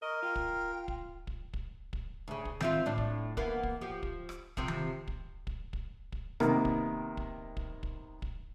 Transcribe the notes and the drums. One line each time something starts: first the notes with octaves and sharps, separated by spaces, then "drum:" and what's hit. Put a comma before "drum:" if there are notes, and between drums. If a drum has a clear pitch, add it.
A#4 D#5 C#6
F4 G5
drum: kick
drum: kick
drum: kick
drum: kick
drum: kick
D2 C#3
drum: kick
C4 E4 F4, drum: tom D#3
A2 D4
drum: kick
E2 A#3 B3, drum: kick
drum: kick
F3 G4
drum: kick
drum: rim click
C3 F3 C4, drum: kick
drum: tom D#3
drum: kick
drum: kick
drum: kick
drum: kick
C3 D#3 A#3 B3, drum: rim click
drum: kick
drum: kick
drum: kick
drum: kick
drum: kick